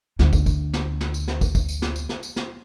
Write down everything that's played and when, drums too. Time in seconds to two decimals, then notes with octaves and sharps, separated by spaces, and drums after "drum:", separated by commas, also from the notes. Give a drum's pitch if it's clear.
0.19 D2 D3, drum: snare
0.33 drum: kick, tambourine
0.46 drum: kick, tambourine
0.73 drum: snare
1.01 drum: snare
1.14 drum: tambourine
1.28 drum: snare
1.41 drum: kick, tambourine
1.55 drum: kick, tambourine
1.68 drum: tambourine
1.82 drum: snare
1.96 drum: tambourine
2.09 drum: snare
2.23 drum: tambourine
2.36 drum: snare